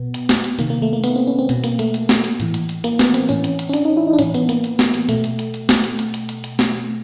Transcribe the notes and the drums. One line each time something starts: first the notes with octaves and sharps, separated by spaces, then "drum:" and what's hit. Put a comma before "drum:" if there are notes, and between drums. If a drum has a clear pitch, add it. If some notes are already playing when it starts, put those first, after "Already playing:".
Already playing: B2 B3
drum: hi-hat
drum: snare
drum: hi-hat
C3 D#3 A#3, drum: hi-hat
A#3
A3
A#3
B3, drum: hi-hat
C4
C#4
C4
B2 B3, drum: hi-hat
A#3, drum: hi-hat
A3, drum: hi-hat
drum: hi-hat
drum: snare
drum: hi-hat
A2 E3, drum: hi-hat
drum: hi-hat
drum: hi-hat
A#3, drum: hi-hat
B3, drum: snare
C4, drum: hi-hat
A2 E3 C#4, drum: hi-hat
drum: hi-hat
drum: hi-hat
C#4
D4, drum: hi-hat
D#4
E4
D#4
D4
A2 E3 C#4, drum: hi-hat
B3, drum: hi-hat
A#3, drum: hi-hat
drum: hi-hat
drum: snare
drum: hi-hat
B2 A3, drum: hi-hat
drum: hi-hat
drum: hi-hat
drum: hi-hat
drum: snare
drum: hi-hat
drum: hi-hat
drum: hi-hat
drum: hi-hat
drum: hi-hat
drum: snare